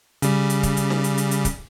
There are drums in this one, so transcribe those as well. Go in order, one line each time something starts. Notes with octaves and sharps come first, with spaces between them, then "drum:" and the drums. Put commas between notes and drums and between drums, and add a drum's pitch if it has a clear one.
C#3 G3, drum: hi-hat
drum: hi-hat
drum: kick D1, hi-hat
drum: hi-hat
drum: snare
drum: hi-hat
drum: hi-hat
drum: hi-hat
drum: kick D1, hi-hat